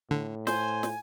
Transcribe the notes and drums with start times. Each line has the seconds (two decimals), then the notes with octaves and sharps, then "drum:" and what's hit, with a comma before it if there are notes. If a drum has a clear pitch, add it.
0.11 A2 D3
0.47 C5 G#5, drum: snare
0.83 drum: snare